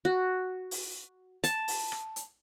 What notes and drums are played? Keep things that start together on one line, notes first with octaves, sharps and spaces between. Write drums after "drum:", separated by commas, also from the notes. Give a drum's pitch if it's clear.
F#4
drum: open hi-hat
A5, drum: hi-hat
drum: open hi-hat
drum: rim click
drum: hi-hat